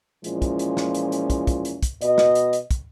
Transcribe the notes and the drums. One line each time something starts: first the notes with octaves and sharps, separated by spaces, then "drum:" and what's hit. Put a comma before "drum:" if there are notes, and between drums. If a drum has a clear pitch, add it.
A#2 E3 F3 G#3 C#4, drum: hi-hat
drum: kick, hi-hat
drum: hi-hat
drum: snare
drum: hi-hat
drum: hi-hat
drum: kick, hi-hat
drum: kick, hi-hat
drum: hi-hat
drum: kick, hi-hat
B2 D#5, drum: hi-hat
drum: snare
drum: hi-hat
drum: hi-hat
drum: kick, hi-hat